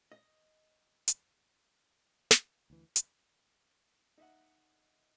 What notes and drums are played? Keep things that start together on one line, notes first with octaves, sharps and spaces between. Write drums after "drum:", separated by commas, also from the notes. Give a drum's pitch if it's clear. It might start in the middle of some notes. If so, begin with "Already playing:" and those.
D#5
drum: hi-hat
drum: snare
D2 E3
drum: hi-hat
D#4 E5 F#5